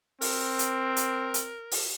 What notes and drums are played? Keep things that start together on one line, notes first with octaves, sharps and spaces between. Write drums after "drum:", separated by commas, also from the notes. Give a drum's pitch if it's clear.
C4 A#4, drum: open hi-hat
drum: hi-hat
drum: hi-hat
drum: hi-hat
drum: open hi-hat